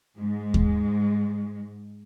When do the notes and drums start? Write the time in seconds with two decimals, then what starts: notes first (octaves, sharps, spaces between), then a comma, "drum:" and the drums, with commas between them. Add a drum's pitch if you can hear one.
0.18 G#2 G#3
0.54 drum: kick D#2